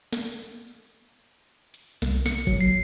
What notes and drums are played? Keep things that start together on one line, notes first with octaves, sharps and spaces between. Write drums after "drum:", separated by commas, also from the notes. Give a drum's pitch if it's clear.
drum: snare
drum: hi-hat
C2, drum: snare
C#7, drum: snare
F#3, drum: kick
C7